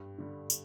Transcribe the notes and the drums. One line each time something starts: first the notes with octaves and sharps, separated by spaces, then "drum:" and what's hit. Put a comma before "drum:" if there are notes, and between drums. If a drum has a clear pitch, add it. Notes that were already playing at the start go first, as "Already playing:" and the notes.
Already playing: G2 G4
D3 G3
drum: tambourine